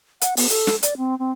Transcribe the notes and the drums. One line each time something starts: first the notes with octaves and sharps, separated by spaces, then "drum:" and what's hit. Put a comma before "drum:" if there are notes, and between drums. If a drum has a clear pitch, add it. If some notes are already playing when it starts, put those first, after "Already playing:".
F#5, drum: hi-hat
B3, drum: open hi-hat
A4, drum: hi-hat
drum: snare
D5, drum: hi-hat
C4
C4